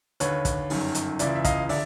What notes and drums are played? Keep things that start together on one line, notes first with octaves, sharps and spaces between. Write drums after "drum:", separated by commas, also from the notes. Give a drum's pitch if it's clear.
D#2 D3 B4 C#5, drum: hi-hat
drum: kick, hi-hat
G1 F#2 D#3, drum: open hi-hat
drum: hi-hat
C#2 C#3 E3 D5 E5, drum: hi-hat
E5
D#5 F5, drum: kick, hi-hat
D3 D5 E5, drum: open hi-hat